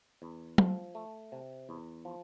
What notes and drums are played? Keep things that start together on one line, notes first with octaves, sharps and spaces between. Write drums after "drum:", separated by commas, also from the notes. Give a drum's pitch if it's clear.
E2
F3, drum: tom F#3
A3
C3
E2
F3